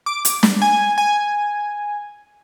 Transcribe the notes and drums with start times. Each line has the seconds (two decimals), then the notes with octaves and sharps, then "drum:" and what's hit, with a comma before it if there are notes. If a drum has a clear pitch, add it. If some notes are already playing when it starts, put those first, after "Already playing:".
0.06 D6
0.25 drum: hi-hat
0.43 drum: snare
0.62 G#5
0.98 G#5